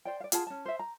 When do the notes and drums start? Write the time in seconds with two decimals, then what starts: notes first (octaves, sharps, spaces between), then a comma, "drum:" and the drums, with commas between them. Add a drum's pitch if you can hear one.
0.05 C5 D5 G5
0.20 D5 F5
0.32 F4 G#4 F#5 A5, drum: hi-hat
0.47 C#4 A5
0.65 C5 E5
0.79 A#5